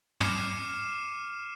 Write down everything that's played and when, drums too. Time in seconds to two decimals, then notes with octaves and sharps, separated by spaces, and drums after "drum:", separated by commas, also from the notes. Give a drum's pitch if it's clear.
0.20 D6 F6 C7 C#7 D#7 E7, drum: tom